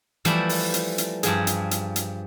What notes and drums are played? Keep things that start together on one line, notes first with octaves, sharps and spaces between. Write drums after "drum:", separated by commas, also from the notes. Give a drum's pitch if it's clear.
E3 F3 G3 A3 E4, drum: hi-hat
drum: open hi-hat
drum: hi-hat
drum: hi-hat
G2 F3 G#4, drum: hi-hat
drum: hi-hat
drum: hi-hat
drum: hi-hat